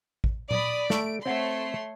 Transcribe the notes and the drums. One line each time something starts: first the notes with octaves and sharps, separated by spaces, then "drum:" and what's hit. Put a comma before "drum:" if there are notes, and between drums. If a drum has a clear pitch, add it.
drum: kick A1
D5 B5 D#6, drum: tom A#2
A3 D7, drum: snare
A3 C4 C#5 F#5 C6